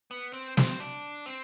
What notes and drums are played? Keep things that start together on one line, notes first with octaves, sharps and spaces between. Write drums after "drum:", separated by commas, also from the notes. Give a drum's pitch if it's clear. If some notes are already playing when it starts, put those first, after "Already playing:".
B3
C4
C4, drum: snare
D4
C4